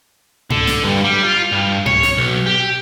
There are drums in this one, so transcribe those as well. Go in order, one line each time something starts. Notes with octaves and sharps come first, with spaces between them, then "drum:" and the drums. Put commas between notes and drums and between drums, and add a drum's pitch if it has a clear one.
D3, drum: tom G#2
drum: snare
G2
G3
F4
G2
C#5, drum: tom G#2
drum: snare
B1
G4